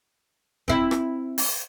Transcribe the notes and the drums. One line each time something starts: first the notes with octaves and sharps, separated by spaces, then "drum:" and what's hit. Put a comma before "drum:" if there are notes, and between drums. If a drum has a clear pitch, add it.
C4 E4, drum: kick F1
drum: rim click
drum: open hi-hat